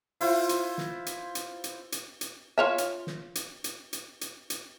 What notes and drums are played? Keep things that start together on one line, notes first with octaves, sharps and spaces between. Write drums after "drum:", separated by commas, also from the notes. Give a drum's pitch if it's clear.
E4 F4 C5, drum: open hi-hat
drum: hi-hat
drum: snare
drum: hi-hat
drum: hi-hat
drum: hi-hat
drum: hi-hat
drum: hi-hat
F4 C#5 E5
drum: hi-hat
drum: snare
drum: hi-hat
drum: hi-hat
drum: hi-hat
drum: hi-hat
drum: hi-hat